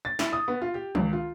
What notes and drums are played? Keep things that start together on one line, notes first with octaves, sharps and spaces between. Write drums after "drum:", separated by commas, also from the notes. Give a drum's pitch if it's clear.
A6
E4, drum: snare
D#6
B3
F4
G4
C#2, drum: tom D#3
F4